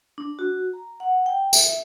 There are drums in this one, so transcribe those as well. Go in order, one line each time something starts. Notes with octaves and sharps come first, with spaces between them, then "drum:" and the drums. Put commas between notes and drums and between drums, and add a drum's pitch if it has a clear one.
D4
F#4
A#5
F#5
G5
E5, drum: tambourine